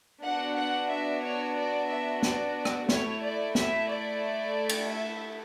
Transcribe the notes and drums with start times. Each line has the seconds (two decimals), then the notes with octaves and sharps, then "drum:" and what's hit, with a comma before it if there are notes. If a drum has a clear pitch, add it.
0.23 B3 D4 F#4 F#5
0.57 F#5
0.89 E5
1.22 C#5
1.56 D5
1.89 E5
2.23 D5, drum: snare
2.65 drum: rim click
2.89 A3 E4 A4 C#5, drum: snare
3.22 D5
3.55 E5, drum: snare
3.89 D5
4.69 drum: cymbal
4.88 E5